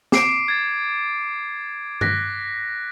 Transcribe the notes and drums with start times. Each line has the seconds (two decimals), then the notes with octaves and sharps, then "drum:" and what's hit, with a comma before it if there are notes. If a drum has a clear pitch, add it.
0.12 D6 C7 D7, drum: snare
0.48 G#6 A6
2.01 F#6 A#6 B6, drum: tom G2